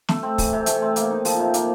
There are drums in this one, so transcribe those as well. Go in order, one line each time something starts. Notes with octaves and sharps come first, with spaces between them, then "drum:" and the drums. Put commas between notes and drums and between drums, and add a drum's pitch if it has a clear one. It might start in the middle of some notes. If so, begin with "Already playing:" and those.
A3, drum: snare
C4
E3, drum: kick, open hi-hat
C3
A3, drum: hi-hat
C4
A#3, drum: hi-hat
D#4
F3, drum: open hi-hat
C3
A#3, drum: hi-hat